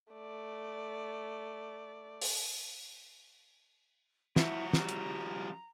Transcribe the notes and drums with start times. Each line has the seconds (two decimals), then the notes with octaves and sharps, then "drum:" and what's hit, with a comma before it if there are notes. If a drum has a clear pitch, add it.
0.13 A3 D5
2.22 drum: open hi-hat
4.36 F3 E4 F#4 A#5, drum: snare
4.73 C#3 G3, drum: snare
4.89 drum: hi-hat